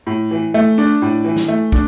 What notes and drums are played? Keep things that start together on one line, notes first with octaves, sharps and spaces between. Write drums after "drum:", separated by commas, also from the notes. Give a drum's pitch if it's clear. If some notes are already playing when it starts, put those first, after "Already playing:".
A2
E3
A3
D4
A2
E3
drum: snare
A3
D4, drum: kick